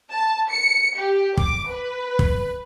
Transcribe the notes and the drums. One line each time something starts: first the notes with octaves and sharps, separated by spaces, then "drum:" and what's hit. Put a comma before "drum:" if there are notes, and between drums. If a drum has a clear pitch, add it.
A5
C#7
G4
D6, drum: kick
B4
drum: kick